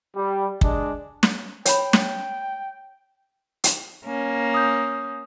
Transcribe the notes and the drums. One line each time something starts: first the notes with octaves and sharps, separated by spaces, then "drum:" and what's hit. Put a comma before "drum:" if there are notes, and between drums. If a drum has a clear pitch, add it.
G3
G#3 D4 D#5, drum: kick
drum: snare
C#5 G5 B5, drum: hi-hat
drum: snare
drum: hi-hat
A#3 C#4
D#6 G6